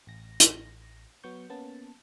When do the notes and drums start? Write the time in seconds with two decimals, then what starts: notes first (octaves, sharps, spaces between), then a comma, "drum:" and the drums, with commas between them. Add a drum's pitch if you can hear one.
0.07 A1 A#6
0.40 drum: hi-hat
1.24 F#3 B3 C#6 G6
1.49 A#3 B3 C#4 A5